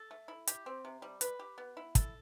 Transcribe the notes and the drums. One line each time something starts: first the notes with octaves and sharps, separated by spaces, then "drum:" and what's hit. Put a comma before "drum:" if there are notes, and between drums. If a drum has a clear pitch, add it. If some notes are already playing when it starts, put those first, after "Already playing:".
Already playing: A4
A3
E4
G4, drum: hi-hat
C4
C3
G3
B4, drum: hi-hat
G4
B3
E4
A4, drum: kick, hi-hat